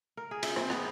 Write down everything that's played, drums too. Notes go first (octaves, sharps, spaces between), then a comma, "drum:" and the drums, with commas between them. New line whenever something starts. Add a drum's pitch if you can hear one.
A#4
G#4
E5, drum: cymbal
C4, drum: rim click
B3, drum: rim click